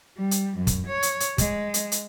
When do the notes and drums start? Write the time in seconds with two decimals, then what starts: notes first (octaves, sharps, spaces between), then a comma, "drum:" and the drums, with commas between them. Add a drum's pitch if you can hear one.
0.18 G3
0.31 drum: hi-hat
0.58 F#2
0.67 drum: kick, hi-hat
0.88 C#5
1.03 drum: hi-hat
1.20 drum: hi-hat
1.38 G#3, drum: kick, hi-hat
1.74 drum: hi-hat
1.92 drum: hi-hat